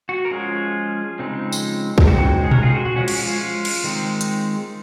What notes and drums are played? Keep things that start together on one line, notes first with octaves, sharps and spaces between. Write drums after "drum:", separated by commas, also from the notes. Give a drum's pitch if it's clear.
F#4
A#4
F3 G#3 C#4 F4 G#4
C#3 F3 G#3 C4 D#4
drum: tambourine
drum: kick
C#3 G#3 C4 D#4 F#4
G#4
F#4 A#4, drum: tom A#2
F4 G#4
F#4
F#4
F3 G#3 C#4 F#4
drum: cymbal
F4
F4
drum: cymbal
D#3 G#3 C4 D#4
drum: hi-hat